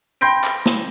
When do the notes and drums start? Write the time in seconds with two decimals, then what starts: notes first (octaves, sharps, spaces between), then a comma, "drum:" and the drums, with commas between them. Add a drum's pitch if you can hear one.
0.21 G5 B5 C6 G6 A#6 D7
0.44 drum: clap
0.66 drum: snare